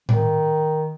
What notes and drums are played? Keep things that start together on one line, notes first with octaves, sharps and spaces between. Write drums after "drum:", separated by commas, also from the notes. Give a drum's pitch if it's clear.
D#3, drum: tom A2